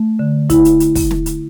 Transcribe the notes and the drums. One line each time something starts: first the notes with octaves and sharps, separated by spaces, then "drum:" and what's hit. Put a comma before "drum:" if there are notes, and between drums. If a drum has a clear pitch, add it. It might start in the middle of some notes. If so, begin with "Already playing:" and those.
Already playing: A3
D3
E4, drum: kick, hi-hat
drum: hi-hat
drum: hi-hat
drum: kick, open hi-hat
drum: snare
drum: hi-hat